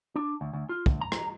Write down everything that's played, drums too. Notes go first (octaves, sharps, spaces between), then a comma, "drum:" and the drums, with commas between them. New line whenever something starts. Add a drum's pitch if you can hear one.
D4
D2
D2
F4
D2, drum: kick
A#5
drum: rim click